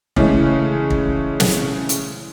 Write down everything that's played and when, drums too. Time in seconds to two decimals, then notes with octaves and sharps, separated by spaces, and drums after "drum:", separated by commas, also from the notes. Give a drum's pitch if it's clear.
0.16 C#3 E3 G#3 A3 C#4, drum: kick
0.90 drum: kick
1.40 drum: snare
1.89 drum: hi-hat